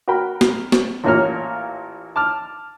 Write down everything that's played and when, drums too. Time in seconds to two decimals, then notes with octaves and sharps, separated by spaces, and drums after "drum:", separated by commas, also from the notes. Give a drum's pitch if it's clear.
0.08 F#4 A#4 G5 B5
0.41 drum: snare
0.72 drum: snare
1.04 A1 A#2 A#3 C#5 F6
2.16 A5 D6 F6